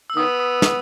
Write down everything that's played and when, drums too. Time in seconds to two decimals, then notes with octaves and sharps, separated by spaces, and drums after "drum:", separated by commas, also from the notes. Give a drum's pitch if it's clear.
0.10 E6
0.16 D#3 B3 D#6
0.40 D#6
0.62 D#6, drum: snare